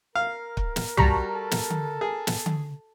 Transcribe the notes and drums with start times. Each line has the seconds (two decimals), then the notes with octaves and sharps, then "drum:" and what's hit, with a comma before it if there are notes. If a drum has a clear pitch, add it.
0.15 A#4 F5
0.57 drum: kick
0.76 drum: snare
0.97 G3 F#4 A5 A#5 C#6, drum: tom
1.33 A4
1.51 drum: snare
1.70 drum: tom D3
2.01 G#4
2.27 drum: snare
2.46 drum: tom D3